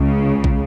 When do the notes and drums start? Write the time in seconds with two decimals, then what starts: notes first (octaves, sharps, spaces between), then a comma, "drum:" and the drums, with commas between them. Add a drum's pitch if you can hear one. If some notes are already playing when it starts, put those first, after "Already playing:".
Already playing: C#2 C#3
0.44 drum: kick